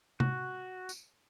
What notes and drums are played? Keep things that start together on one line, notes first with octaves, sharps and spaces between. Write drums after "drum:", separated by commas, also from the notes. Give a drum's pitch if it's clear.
F#4, drum: tom C3
drum: tambourine